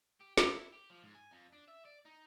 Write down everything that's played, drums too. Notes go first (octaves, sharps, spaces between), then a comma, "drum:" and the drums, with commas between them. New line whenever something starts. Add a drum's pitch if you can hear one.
G4
F#2, drum: snare
E4
G4
F3
G#2
G#5
F2
D4
E5
D5
D#4